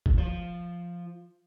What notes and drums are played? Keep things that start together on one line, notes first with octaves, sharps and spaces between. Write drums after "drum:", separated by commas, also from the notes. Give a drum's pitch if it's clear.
drum: kick
F3